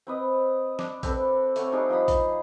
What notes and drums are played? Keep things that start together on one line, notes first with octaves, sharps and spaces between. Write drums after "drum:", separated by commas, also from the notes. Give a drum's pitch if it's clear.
C4 B4 D#5
D4, drum: snare
C4 A4 B4, drum: kick A#1, hi-hat
A3 C4 C#5 F#5, drum: hi-hat
G3 D4 D#4 G#4
F3 D#4 D#5 B5
drum: kick A#1, hi-hat